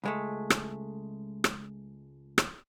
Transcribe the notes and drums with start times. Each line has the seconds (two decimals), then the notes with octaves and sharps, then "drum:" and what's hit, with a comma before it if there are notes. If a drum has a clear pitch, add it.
0.04 C#2 G#3 A3
0.50 drum: rim click
1.44 drum: rim click
2.38 drum: rim click